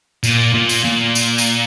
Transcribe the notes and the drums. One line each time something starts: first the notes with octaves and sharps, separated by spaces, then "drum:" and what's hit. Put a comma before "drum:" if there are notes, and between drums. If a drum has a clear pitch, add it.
A#2, drum: tambourine
A#2
drum: tambourine
A#2
drum: tambourine
drum: tambourine